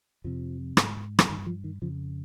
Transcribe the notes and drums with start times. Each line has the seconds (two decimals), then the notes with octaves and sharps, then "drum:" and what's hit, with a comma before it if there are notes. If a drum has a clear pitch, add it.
0.24 F2 C3 F3
0.77 G#2, drum: rim click
1.19 F3, drum: rim click
1.29 G2 D#3
1.47 F3
1.64 D#3
1.82 F2 C#3 F3